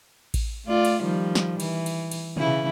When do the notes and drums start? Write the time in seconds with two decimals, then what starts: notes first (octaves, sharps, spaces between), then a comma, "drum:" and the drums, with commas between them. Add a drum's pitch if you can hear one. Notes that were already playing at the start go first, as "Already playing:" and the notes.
0.34 drum: kick A1, cymbal
0.65 A3 F4 D5
0.85 drum: cymbal
1.03 D#3 F3 G3
1.35 drum: snare
1.60 E3, drum: cymbal
1.86 drum: cymbal
2.11 drum: cymbal
2.37 C#3 E3 E4, drum: tom B2